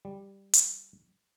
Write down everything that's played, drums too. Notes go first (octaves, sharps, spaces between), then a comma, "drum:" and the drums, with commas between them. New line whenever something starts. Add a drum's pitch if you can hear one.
G3
drum: hi-hat